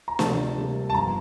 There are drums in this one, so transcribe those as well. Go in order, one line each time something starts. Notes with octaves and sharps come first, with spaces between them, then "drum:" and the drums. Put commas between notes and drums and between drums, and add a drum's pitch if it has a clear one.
A#5
D2 C3 F3 A5, drum: snare
C3 G3 A#3
A5
G1 G2 F3 A#5